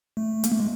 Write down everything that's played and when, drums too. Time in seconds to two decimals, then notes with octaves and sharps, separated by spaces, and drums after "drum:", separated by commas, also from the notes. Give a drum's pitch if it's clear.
0.17 A3
0.44 A#3, drum: hi-hat
0.52 A3
0.59 G#3